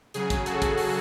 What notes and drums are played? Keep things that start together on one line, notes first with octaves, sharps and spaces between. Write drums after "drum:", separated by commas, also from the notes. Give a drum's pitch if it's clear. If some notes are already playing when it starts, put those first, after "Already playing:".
C#3 F#3 G#4, drum: hi-hat
drum: kick, hi-hat
F#4 A4, drum: hi-hat
drum: kick, hi-hat
drum: open hi-hat